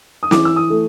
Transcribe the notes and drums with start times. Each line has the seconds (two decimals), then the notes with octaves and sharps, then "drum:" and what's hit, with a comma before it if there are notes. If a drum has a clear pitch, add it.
0.23 D#6
0.31 E3 D6, drum: snare
0.45 E6
0.56 D#6
0.70 A3